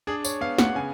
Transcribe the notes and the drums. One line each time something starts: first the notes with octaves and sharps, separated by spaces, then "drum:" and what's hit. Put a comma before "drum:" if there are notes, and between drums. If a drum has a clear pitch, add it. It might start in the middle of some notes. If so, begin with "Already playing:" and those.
D4 G#4
C#5, drum: tambourine
B3 F5
F#5, drum: snare
C#3 G#5